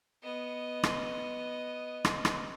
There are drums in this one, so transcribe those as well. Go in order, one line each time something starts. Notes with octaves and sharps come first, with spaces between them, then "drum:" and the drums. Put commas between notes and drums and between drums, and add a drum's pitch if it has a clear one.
B3 D#5
drum: rim click
drum: rim click
drum: rim click